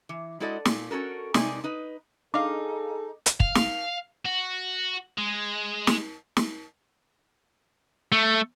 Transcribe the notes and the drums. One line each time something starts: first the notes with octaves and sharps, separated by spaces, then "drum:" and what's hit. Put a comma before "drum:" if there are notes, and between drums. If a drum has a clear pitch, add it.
E3
G#3 E4 F#4 A4 D5 D#5
A#2, drum: snare
C#4 F#4 A4 A#4
C3 G#3 D#4 D5 G#5, drum: snare
D#4 B4 D#5
D4 D#4 G#4 A4 F5 D6
drum: hi-hat
F5, drum: kick
drum: snare
F#4
G#3
drum: snare
drum: snare
A3